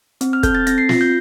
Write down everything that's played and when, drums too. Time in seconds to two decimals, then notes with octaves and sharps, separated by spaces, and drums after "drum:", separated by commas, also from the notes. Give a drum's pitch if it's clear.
0.21 C4, drum: hi-hat
0.33 F6
0.43 A4 G6, drum: kick, hi-hat
0.55 A6
0.67 C4 A#6, drum: hi-hat
0.78 C7
0.89 F4 A#6, drum: snare
1.01 G6